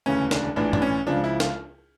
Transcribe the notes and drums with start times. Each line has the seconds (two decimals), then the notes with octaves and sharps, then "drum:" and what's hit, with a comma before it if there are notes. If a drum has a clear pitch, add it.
0.06 E1 D2 C#3 E3 C#4
0.31 D4, drum: snare
0.56 A#1 A2 E3 D4
0.73 D4, drum: tom
0.82 C#4
1.06 C#2 C#3 F3 D4
1.24 E4
1.40 F4, drum: snare